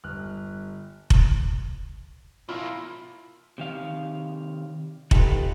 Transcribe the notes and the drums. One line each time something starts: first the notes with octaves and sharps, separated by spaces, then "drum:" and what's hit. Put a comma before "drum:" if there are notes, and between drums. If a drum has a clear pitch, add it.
G1 F6 F#6
drum: kick F1
B2 A#3 E4 F4
C3 D#3 F5
D#4 F4 G4 A4 B4, drum: kick F1